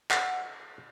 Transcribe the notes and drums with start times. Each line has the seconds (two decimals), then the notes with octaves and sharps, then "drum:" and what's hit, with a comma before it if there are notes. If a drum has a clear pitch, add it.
0.11 F#5, drum: clap